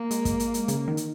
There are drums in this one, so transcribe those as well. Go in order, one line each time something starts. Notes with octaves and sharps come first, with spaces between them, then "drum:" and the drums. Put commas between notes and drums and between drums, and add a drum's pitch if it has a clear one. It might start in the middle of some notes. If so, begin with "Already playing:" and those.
Already playing: A#3
G#3, drum: hi-hat
drum: kick, hi-hat
drum: hi-hat
drum: hi-hat
C#3, drum: hi-hat
D#3
drum: hi-hat